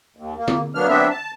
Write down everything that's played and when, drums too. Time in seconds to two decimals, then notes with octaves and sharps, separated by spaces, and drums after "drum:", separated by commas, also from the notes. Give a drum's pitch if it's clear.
0.17 D#2
0.38 A#3
0.48 drum: tom D3
0.75 F#3 A#3 B3 D4 F6
0.88 F#3 B3 C4 D4 E5
1.10 A5